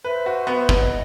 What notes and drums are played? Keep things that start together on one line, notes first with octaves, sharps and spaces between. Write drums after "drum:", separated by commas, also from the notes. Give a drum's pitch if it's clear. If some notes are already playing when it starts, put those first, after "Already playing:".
B4 C5 E5
F#4
B3
B3 D#5 F#5, drum: kick